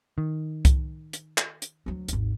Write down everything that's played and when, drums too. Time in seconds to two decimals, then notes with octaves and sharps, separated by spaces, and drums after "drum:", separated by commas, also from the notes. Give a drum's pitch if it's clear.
0.18 D#3
0.65 drum: kick C2, hi-hat
1.13 drum: hi-hat
1.38 drum: clap
1.62 drum: hi-hat
1.86 D2 F#3
2.08 G#1 D#2, drum: hi-hat